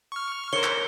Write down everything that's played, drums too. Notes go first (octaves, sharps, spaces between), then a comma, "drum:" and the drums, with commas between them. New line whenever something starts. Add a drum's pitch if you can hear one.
C#6 F6
A#4 C5 C#5 C#7 G7
drum: clap